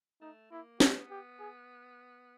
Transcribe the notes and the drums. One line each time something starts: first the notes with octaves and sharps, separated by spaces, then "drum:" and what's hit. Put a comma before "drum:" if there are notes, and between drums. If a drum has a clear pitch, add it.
A3 D#4
A#3 E4
B3 F#4, drum: snare
G4
G#4